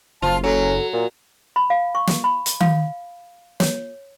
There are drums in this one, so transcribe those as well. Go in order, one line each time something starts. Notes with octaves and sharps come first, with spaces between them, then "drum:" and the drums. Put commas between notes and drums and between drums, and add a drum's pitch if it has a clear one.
F#1 F3 F4 A5
F#3 C#4 A4
A#2
B5
F5
C#6
drum: snare
B5
drum: hi-hat
F5, drum: tom D#3
C#5, drum: snare